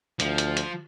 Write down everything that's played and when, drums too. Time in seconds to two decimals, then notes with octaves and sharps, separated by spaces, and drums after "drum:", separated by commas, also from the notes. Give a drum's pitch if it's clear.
0.20 D2 F3, drum: hi-hat
0.38 drum: hi-hat
0.57 drum: hi-hat